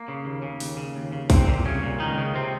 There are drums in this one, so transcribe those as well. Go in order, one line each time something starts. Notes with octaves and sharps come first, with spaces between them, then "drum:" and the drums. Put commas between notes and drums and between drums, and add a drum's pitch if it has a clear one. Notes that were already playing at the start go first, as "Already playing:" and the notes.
Already playing: A#3
C#3
D#2
C#3
D#2, drum: open hi-hat
C#3
D#2
C#3
C2 C3 C4, drum: kick B1, open hi-hat
A#2
C2 C#3 C#4
A#2
C#2 D#3 D#4
C#3
C3 C4